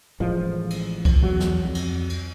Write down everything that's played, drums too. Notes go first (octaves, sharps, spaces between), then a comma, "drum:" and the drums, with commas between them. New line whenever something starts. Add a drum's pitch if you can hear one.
A1 A2 F3 G#3
drum: cymbal
drum: kick C2, cymbal
E2 F#3
drum: snare
F2
drum: cymbal
drum: cymbal